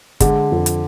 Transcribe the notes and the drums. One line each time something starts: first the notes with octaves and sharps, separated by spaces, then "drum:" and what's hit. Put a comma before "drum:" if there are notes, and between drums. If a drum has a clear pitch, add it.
D3 G#3, drum: kick, hi-hat
F2
drum: hi-hat